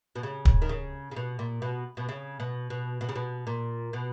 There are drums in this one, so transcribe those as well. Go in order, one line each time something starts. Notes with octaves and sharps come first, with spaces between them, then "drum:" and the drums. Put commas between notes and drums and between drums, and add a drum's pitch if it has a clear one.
B2
C#3
drum: kick
D#3
C#3
C#3
B2
A#2
B2
B2
C#3
B2
B2
B2
C#3
B2
A#2
B2